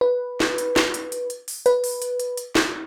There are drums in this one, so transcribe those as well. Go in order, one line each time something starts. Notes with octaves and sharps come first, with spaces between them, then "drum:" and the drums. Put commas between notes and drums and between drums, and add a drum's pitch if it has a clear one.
B4
drum: snare
drum: hi-hat
drum: snare
drum: hi-hat
drum: hi-hat
drum: hi-hat
drum: open hi-hat
B4, drum: hi-hat
drum: open hi-hat
drum: hi-hat
drum: hi-hat
drum: hi-hat
drum: snare